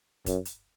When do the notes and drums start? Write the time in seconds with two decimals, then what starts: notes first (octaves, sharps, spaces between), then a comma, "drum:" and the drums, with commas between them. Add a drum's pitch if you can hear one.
0.26 F#2, drum: kick, hi-hat
0.45 drum: hi-hat